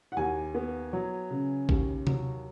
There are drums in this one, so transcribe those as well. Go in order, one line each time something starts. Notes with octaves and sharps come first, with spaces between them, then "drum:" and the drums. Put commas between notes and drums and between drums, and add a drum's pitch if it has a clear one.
F#5
D#2 G#5
B3
F#3
C#3
D#2, drum: kick A1
F#3, drum: tom C3